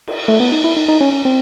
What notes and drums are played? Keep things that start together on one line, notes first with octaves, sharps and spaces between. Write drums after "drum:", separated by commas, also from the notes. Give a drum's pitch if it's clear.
drum: cymbal
A3
B3
D#4
E4
D#4
D#4
C#4
C#4
C4